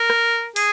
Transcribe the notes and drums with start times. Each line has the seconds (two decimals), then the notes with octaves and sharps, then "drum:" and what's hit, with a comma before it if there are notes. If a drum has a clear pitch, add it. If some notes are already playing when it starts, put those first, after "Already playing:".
Already playing: A#4
0.10 drum: rim click
0.56 G#4, drum: open hi-hat